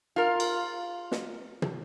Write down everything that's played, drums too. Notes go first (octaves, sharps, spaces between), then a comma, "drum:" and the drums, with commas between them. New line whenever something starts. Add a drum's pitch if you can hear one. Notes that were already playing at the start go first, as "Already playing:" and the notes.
F4 A#4
drum: cymbal
drum: snare
drum: tom